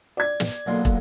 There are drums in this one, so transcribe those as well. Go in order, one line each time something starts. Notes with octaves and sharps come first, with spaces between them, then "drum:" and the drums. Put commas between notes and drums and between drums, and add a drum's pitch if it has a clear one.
D5 G#6
drum: snare
B1 D3 A#3 F4
drum: kick